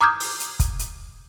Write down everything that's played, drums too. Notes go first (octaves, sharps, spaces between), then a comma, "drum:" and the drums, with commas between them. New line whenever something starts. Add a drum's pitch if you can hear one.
A#5 D6 D#6 F6 G6 G#6
drum: open hi-hat
drum: hi-hat
drum: kick, hi-hat
drum: hi-hat